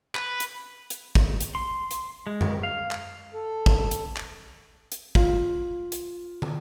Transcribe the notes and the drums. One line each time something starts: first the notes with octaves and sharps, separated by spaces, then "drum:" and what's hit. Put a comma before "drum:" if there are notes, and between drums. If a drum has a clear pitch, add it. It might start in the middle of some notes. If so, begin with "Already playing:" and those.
B4, drum: clap
drum: hi-hat
drum: hi-hat
drum: kick
drum: hi-hat
C6
drum: hi-hat
G#3
drum: tom F#2
F5
drum: clap
A4
drum: kick
drum: hi-hat
drum: clap
drum: hi-hat
F4, drum: kick
drum: hi-hat
drum: tom